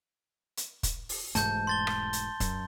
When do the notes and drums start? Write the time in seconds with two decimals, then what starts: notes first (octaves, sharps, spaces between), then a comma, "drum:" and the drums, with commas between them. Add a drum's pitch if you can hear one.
0.57 drum: hi-hat
0.83 drum: kick, hi-hat
1.09 drum: open hi-hat
1.35 E1 G#2 A3 A5 G6, drum: hi-hat
1.67 C6 A6 G7
1.87 drum: rim click
2.13 drum: hi-hat
2.40 F#2, drum: kick, hi-hat